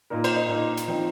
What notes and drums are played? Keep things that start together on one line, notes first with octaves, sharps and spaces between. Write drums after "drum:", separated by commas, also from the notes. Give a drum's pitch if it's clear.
A#2 A#3 D#4 A#4
C5, drum: cymbal
D#5
A#2 A#3 D#4
drum: hi-hat
F3 C4 D#4